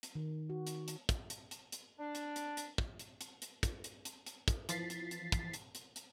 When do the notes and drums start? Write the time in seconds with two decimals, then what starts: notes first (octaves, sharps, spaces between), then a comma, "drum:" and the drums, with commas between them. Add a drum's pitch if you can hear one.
0.03 drum: hi-hat
0.15 D#3
0.50 F#4
0.67 drum: hi-hat
0.88 drum: hi-hat
1.09 drum: kick, hi-hat
1.30 drum: hi-hat
1.51 drum: hi-hat
1.72 drum: hi-hat
1.99 D4
2.15 drum: hi-hat
2.36 drum: hi-hat
2.57 drum: hi-hat
2.78 drum: kick
2.99 drum: hi-hat
3.21 drum: hi-hat
3.42 drum: hi-hat
3.63 drum: kick, hi-hat
3.84 drum: hi-hat
4.05 drum: hi-hat
4.26 drum: hi-hat
4.48 drum: kick, hi-hat
4.69 E3 F3 A6 B6 C7, drum: hi-hat
4.90 drum: hi-hat
5.11 drum: hi-hat
5.32 drum: kick, hi-hat
5.54 drum: hi-hat
5.75 drum: hi-hat
5.96 drum: hi-hat